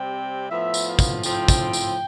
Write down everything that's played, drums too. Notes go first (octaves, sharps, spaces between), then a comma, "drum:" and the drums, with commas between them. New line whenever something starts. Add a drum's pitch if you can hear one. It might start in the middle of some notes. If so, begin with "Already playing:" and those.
Already playing: C3 G3 C4 G5
A2 F3 B3 E5
drum: tambourine
F5
drum: kick, tambourine
A2 F3 C4 G5, drum: tambourine
drum: kick, tambourine
drum: tambourine